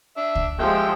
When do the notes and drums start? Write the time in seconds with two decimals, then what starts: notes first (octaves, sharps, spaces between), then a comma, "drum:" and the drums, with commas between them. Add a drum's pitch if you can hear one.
0.17 D4 E5
0.35 drum: kick C#2
0.60 F3 G#3 G4 E5 G5